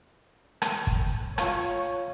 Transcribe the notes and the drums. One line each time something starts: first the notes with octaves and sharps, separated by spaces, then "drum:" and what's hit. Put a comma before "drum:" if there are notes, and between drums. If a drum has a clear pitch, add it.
drum: rim click
drum: kick
F4 C#5 F5 C#6, drum: rim click